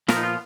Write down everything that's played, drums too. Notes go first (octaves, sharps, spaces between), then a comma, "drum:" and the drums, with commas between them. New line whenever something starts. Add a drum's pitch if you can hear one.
A#2 F3 B3 A#4, drum: snare
D#4
F4